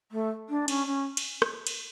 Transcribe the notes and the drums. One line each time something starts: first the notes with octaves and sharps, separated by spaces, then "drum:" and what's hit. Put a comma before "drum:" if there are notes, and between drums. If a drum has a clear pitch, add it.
A3
D4
C#4, drum: cymbal
C#4
drum: cymbal
drum: rim click
drum: cymbal